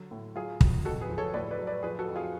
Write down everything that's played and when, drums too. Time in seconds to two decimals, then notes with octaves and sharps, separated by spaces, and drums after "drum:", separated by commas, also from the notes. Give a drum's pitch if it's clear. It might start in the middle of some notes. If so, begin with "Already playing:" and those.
Already playing: D3 F#3
0.11 A2
0.36 F#3 F4 G#4
0.61 F#3, drum: kick
0.85 F2 F#4 A4
1.01 G#4 B4
1.09 F3
1.18 A4 C#5
1.34 A2 B4 D5
1.51 B4 D5
1.58 F#3
1.67 B4 D5
1.83 F3 G#4 B4
1.99 F#4 A4
2.08 F2
2.16 F4 G#4